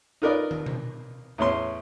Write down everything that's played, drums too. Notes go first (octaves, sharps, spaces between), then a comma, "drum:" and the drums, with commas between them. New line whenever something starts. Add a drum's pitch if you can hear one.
D#4 F4 A#4 B4 D5 D#5
drum: tom
drum: tom B2
E2 A2 C#4 C6